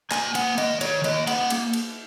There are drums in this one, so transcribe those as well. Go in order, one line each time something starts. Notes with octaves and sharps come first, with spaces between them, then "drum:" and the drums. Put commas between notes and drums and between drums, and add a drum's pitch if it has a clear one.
A#3 G#5, drum: clap
A#3 F#5, drum: cymbal
D#3 D#5, drum: cymbal
D#3 C#5, drum: cymbal
A#3 D#5, drum: cymbal
A#3 F#5, drum: cymbal
drum: cymbal
drum: cymbal